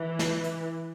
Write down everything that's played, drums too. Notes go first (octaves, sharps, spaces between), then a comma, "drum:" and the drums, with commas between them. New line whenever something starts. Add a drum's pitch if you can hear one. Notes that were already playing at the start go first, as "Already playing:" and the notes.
Already playing: E3
drum: snare
drum: hi-hat